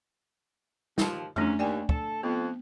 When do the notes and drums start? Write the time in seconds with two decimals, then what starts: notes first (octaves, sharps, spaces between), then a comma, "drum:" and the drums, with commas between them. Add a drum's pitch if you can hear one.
0.98 D#2 F3, drum: snare
1.36 G#2 A3 C#4 D4, drum: tom F2
1.59 D#2 D5 G5 G#5
1.89 A4, drum: kick
2.23 F2 B3